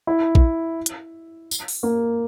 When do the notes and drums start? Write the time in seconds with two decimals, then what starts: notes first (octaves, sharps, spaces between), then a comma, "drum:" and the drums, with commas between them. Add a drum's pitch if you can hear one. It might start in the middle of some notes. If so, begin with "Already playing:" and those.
0.07 E4
0.35 drum: kick A#1
0.86 drum: hi-hat
1.51 drum: tambourine
1.68 drum: open hi-hat
1.83 A#3